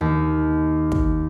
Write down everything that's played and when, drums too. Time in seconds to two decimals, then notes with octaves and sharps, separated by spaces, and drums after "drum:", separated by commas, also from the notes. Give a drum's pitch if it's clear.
0.01 D#2
0.92 drum: kick